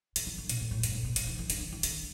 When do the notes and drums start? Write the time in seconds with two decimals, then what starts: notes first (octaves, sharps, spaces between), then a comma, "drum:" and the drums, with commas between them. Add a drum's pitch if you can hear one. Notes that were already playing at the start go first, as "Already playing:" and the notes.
0.16 D3, drum: hi-hat
0.26 E3
0.38 D3
0.49 B2, drum: hi-hat
0.61 A2
0.71 A2
0.83 G2, drum: hi-hat
0.94 A2
1.05 B2
1.16 D3, drum: hi-hat
1.27 E3
1.39 E3
1.50 D3, drum: hi-hat
1.60 D3
1.72 E3
1.83 D3, drum: hi-hat